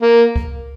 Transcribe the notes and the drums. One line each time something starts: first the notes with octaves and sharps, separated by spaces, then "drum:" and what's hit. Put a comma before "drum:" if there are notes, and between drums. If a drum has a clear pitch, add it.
A#3
drum: kick C#2